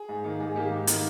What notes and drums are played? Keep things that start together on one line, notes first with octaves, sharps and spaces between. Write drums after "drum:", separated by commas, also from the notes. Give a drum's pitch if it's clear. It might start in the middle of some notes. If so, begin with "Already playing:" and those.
Already playing: G#4
G#2
D#3 A#3 D#4
G#2 G#4
D#3 A#3 D#4 G4
G#2
D#3 A#3 D#4, drum: hi-hat